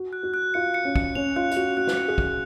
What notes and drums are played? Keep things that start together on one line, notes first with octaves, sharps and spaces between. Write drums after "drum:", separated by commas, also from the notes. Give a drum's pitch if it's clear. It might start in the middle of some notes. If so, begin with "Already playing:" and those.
Already playing: F#4
F#6
F#4
F#6
F4 C#7
C#7
C#4
C#7, drum: kick
C#4 F7
F4 F#6
F4, drum: hi-hat
F#4 F7
F#4 F#6
drum: snare
C#7
G#4
F#6, drum: kick